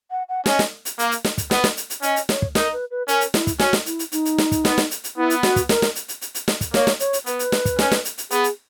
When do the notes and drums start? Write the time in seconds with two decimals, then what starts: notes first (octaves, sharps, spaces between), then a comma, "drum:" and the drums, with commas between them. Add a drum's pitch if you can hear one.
0.11 F#5
0.29 F#5
0.46 C#4 D#5, drum: snare
0.59 drum: snare
0.85 drum: hi-hat
0.99 A#3, drum: hi-hat
1.11 drum: hi-hat
1.24 drum: snare
1.38 drum: kick, hi-hat
1.51 B3, drum: snare
1.64 drum: snare
1.77 drum: hi-hat
1.90 drum: hi-hat
2.02 C#4 D#5, drum: hi-hat
2.16 drum: hi-hat
2.29 C#5, drum: snare
2.42 drum: kick
2.55 D#4 A#4, drum: snare
2.73 B4
2.91 B4
3.08 C#4 A#4, drum: hi-hat
3.21 drum: hi-hat
3.34 E4, drum: snare
3.47 drum: kick, hi-hat
3.59 C#4 F#4, drum: snare
3.73 drum: snare
3.86 E4, drum: hi-hat
3.99 drum: hi-hat
4.12 D#4, drum: hi-hat
4.25 drum: hi-hat
4.38 drum: snare
4.51 drum: kick, hi-hat
4.65 B3, drum: snare
4.78 drum: snare
4.91 drum: hi-hat
5.04 drum: hi-hat
5.17 B3 E4
5.30 drum: hi-hat
5.43 F#4, drum: snare
5.56 drum: kick, hi-hat
5.69 A#4, drum: snare
5.82 drum: snare
5.95 drum: hi-hat
6.08 drum: hi-hat
6.21 drum: hi-hat
6.35 drum: hi-hat
6.48 drum: snare
6.61 drum: kick, hi-hat
6.74 A#3 C#5, drum: snare
6.87 drum: snare
7.00 C#5, drum: hi-hat
7.13 drum: hi-hat
7.26 B3 B4, drum: hi-hat
7.39 drum: hi-hat
7.52 drum: snare
7.65 drum: kick, hi-hat
7.79 C#4, drum: snare
7.92 drum: snare
8.05 drum: hi-hat
8.18 drum: hi-hat
8.31 B3 G#4, drum: hi-hat
8.44 drum: hi-hat